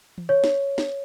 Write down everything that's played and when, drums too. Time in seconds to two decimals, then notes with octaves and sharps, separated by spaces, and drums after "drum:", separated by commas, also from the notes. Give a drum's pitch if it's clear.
0.18 drum: tom E3
0.29 C#5
0.44 drum: snare
0.78 drum: snare